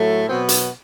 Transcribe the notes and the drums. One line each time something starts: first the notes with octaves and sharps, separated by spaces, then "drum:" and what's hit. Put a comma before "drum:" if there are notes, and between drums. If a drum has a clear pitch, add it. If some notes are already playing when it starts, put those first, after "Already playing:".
Already playing: A2 F#3 A3
B2 F#3 B3 C4
drum: hi-hat